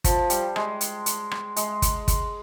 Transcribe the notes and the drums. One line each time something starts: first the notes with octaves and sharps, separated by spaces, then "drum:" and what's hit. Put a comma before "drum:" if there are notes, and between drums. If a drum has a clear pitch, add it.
F3, drum: kick, hi-hat
G3, drum: hi-hat
G#3, drum: rim click
drum: hi-hat
drum: hi-hat
drum: rim click
G#3, drum: hi-hat
drum: kick, hi-hat
drum: kick, hi-hat